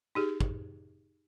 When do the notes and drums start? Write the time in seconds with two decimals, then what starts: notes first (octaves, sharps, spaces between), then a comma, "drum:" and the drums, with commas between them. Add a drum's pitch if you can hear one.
0.15 D#4 G4 G#4
0.41 drum: kick